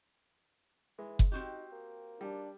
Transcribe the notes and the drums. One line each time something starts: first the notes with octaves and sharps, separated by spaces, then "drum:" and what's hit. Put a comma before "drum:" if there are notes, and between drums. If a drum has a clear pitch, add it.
E3 G#3
drum: kick F#1
C4 D#4 F#4 G4
A#3
G3 D4